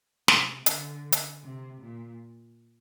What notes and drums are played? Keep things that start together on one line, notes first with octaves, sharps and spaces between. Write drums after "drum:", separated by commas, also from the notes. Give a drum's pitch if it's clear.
C3, drum: snare
D3, drum: hi-hat
drum: hi-hat
C3
A#2